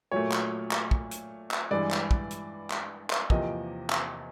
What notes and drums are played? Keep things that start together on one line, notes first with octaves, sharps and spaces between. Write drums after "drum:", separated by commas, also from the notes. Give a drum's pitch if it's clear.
A#2 F#3 A3 C#5
drum: clap
drum: clap
drum: kick
drum: hi-hat
drum: clap
G2 E3 G#3 D5
drum: clap
drum: kick
drum: hi-hat
drum: clap
drum: clap
E2 C3 F3 A#3 D#5, drum: kick
drum: clap